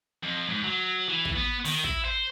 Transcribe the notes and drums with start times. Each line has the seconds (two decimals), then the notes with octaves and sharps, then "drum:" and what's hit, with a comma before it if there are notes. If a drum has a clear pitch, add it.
0.23 F2
0.50 G#2
0.65 F#3
1.09 E3
1.25 drum: kick
1.36 B3
1.65 D#3, drum: open hi-hat
1.84 E4, drum: kick
2.05 C5